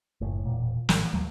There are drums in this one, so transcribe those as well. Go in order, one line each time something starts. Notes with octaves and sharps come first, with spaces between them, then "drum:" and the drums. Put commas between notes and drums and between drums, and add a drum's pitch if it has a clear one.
F#1 A2
E1 A#2
A1, drum: snare
D#2 A2 F#3 A3